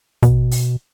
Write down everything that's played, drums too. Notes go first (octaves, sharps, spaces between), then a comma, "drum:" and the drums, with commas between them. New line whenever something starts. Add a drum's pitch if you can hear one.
B2, drum: kick, hi-hat
drum: open hi-hat